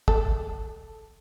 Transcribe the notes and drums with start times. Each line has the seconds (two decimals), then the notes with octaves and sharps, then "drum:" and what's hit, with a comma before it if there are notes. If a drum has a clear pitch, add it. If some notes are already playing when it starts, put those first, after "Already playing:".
0.08 A4, drum: kick